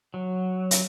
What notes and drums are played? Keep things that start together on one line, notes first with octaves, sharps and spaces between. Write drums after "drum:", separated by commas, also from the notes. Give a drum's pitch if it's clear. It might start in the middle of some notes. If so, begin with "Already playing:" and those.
F#3
drum: hi-hat